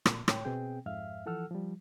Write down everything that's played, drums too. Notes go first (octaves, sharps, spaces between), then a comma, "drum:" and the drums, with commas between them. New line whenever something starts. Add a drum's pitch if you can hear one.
A#2, drum: rim click
A2 C#5 G5, drum: rim click
B2 B3 C4 G#4 G5
F2 G#2 E5 F5 F6
E3 F3 A4 F#5 E6 F6
F3 G3